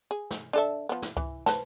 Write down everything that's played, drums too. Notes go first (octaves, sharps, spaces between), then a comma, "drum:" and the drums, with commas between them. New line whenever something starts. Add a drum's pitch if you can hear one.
G#4
drum: snare
D4 A4 E5
F3 B3
drum: snare
E3, drum: kick C#2
B4 C5 A5, drum: snare